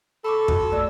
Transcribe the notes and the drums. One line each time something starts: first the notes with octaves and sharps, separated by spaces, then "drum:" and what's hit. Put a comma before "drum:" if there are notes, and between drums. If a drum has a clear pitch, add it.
A4 B5 C#6 D6
F#4, drum: kick
A3 D5 E6